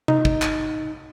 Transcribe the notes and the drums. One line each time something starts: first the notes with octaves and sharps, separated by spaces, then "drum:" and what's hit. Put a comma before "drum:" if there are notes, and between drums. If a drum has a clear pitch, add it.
D#4, drum: tom C3
drum: kick
drum: clap